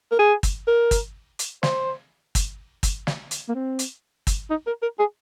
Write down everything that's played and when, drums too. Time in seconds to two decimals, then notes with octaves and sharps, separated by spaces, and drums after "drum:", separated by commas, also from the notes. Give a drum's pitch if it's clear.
0.11 A#4
0.19 G#4
0.43 drum: kick, hi-hat
0.67 A#4
0.91 drum: kick, hi-hat
1.39 drum: hi-hat
1.63 C5, drum: snare
2.35 drum: kick, hi-hat
2.83 drum: kick, hi-hat
3.07 drum: snare
3.31 drum: hi-hat
3.49 A#3
3.55 C4
3.79 drum: hi-hat
4.27 drum: kick, hi-hat
4.50 D#4
4.67 A#4
4.82 A#4
4.99 G#4